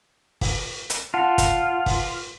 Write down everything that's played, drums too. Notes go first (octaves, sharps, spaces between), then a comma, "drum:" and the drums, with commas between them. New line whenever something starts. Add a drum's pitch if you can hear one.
drum: kick, open hi-hat
drum: hi-hat
F4 F#5 A5
drum: kick, hi-hat
drum: kick, open hi-hat